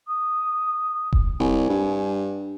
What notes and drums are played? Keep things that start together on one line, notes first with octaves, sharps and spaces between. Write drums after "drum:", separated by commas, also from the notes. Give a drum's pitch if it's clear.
D#6
drum: kick E1
C2 G#5
G2